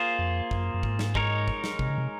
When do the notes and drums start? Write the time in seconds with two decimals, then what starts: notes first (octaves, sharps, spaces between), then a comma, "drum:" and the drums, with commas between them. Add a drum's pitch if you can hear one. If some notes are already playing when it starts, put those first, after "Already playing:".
Already playing: A#3 F4 G#4 C5
0.19 F2
0.51 F#2, drum: kick
0.74 F#2
0.83 G#2, drum: kick
0.99 drum: snare
1.15 G#3 D#4 A#4 C#5, drum: kick
1.48 drum: kick
1.64 drum: snare
1.79 C3, drum: kick
1.90 C#3
1.98 C3